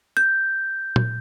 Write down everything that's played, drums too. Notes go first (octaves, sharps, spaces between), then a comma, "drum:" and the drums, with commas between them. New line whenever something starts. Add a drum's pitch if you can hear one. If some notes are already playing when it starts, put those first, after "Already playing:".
G6
drum: tom